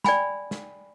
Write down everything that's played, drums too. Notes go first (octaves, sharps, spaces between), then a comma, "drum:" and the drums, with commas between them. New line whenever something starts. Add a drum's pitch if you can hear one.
D5 G5 G#5 B5, drum: snare
drum: snare